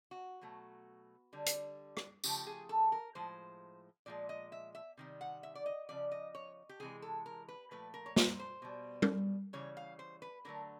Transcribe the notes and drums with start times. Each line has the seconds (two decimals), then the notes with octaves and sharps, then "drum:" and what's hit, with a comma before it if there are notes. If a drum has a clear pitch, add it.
0.11 F#4
0.41 B2 F#3 A3
1.33 D3 G3
1.46 drum: hi-hat
1.97 drum: rim click
2.24 C#3 F3 A3 G4, drum: tambourine
2.47 G#4
2.69 A4
2.92 A#4
3.15 A2 F3 G#3 C5
4.06 A#2 F3 G#3 D5
4.29 D#5
4.52 E5
4.75 E5
4.97 C3 D#3 G3
5.21 F#5
5.43 E5
5.55 D5
5.66 D#5
5.89 C#3 F3 D5
6.12 D#5
6.35 C#5
6.69 G4
6.80 C3 E3 G#3 G#4
7.02 A4
7.26 A#4
7.49 B4
7.71 A#2 F3 A3 B4
7.94 A#4
8.06 C#5
8.16 C5, drum: snare
8.39 C5
8.62 B2 G3
9.02 drum: tom G3
9.53 C#3 E3 G3 C#5
9.77 F5
9.99 C5
10.22 B4
10.45 D3 F#3 A3 A#4